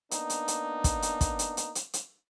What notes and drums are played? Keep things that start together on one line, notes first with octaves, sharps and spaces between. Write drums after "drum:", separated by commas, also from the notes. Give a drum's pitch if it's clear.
A#3 B3 D4 D#4, drum: hi-hat
drum: hi-hat
drum: hi-hat
drum: kick, hi-hat
drum: hi-hat
drum: kick, hi-hat
drum: hi-hat
drum: hi-hat
drum: hi-hat
drum: hi-hat